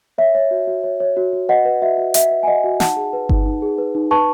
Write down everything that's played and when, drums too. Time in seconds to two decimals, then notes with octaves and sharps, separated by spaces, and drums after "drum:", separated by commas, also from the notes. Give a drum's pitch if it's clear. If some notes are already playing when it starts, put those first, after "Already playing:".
0.18 C#5 E5
0.35 C#5
0.51 F#4
0.67 F#4
0.84 C#5
1.00 C#5
1.17 F#4
1.33 F#4
1.49 B4 D#5 F#5
1.65 B4
1.82 F#4 E5
1.98 F#4
2.14 B4 E5, drum: hi-hat
2.31 B4
2.43 G#5
2.47 F#4 D#5 F#5
2.64 F#4
2.80 D#4 F#5 A5, drum: snare
2.96 G#4
3.13 B4
3.29 D#4, drum: kick G1
3.46 D#4
3.62 G#4
3.78 B4
3.95 D#4
4.11 B4 A5 C#6